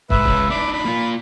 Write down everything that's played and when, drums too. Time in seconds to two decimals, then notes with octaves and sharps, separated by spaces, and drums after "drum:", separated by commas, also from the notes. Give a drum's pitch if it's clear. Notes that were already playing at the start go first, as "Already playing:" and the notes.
0.10 G#2 B4 E5, drum: kick
0.26 G#3 C#4, drum: kick
0.50 D4 D#4 B5 D6
0.73 B5
0.85 A#3 F4